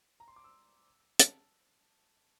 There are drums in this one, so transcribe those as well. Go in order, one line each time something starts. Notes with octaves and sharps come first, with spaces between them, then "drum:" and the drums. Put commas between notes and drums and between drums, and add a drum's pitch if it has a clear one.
A#5
C6
D6
E6
A5, drum: hi-hat